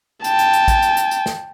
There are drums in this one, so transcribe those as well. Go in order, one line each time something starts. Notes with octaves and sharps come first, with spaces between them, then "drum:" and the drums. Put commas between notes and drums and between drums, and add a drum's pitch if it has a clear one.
G5 A5, drum: hi-hat
drum: hi-hat
drum: hi-hat
drum: kick, hi-hat
drum: hi-hat
drum: hi-hat
drum: hi-hat
drum: snare